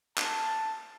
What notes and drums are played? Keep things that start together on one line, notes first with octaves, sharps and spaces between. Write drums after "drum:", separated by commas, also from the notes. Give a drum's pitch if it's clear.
A5, drum: clap